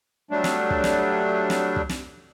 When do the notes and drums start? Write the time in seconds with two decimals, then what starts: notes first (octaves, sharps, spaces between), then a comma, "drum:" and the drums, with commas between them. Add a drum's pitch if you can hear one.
0.31 F#3 G3 A3 D4
0.44 drum: snare
0.70 drum: kick
0.84 drum: snare
1.50 drum: snare
1.76 drum: kick
1.89 drum: snare